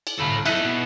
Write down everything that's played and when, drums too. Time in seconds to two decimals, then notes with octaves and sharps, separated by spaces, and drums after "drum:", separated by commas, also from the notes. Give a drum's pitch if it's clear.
0.07 drum: cymbal
0.19 G1 C2 A4 B5
0.46 D#4 E4 A4 F#6 B6, drum: cymbal
0.65 B2 B3